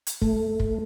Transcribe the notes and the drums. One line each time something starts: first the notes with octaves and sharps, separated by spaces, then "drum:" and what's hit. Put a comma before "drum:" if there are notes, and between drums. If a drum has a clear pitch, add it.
drum: hi-hat
A3, drum: kick
drum: kick